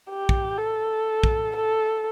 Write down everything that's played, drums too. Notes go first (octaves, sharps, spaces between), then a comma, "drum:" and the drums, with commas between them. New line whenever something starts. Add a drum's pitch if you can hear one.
G4
drum: kick
A4
drum: kick
A4